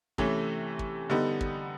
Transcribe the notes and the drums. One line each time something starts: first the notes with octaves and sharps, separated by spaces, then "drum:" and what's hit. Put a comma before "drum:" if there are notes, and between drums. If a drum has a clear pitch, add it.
C3 E3 A3 C#4, drum: kick
drum: kick
D3 G3 B3 D#4
drum: kick